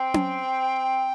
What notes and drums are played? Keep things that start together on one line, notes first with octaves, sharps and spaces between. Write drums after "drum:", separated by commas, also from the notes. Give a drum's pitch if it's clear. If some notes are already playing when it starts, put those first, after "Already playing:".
Already playing: C4 G5
drum: tom C#4